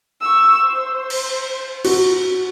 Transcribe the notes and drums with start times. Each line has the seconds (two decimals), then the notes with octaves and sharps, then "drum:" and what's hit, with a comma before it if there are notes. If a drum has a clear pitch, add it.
0.21 C#6 E6
0.63 C5
1.10 drum: cymbal
1.85 F#4, drum: cymbal